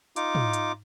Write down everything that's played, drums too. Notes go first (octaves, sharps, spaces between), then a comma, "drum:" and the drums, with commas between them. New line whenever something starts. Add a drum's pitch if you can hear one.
D#4 F4 D6, drum: hi-hat
drum: tom
drum: hi-hat